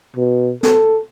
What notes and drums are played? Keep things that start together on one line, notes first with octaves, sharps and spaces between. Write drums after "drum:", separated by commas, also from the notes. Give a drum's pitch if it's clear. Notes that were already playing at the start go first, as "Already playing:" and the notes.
B2
A4, drum: snare